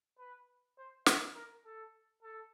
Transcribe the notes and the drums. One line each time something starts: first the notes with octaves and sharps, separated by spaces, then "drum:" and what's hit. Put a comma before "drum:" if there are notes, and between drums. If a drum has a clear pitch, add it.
B4
C5
E5, drum: snare
A#4
A4
A4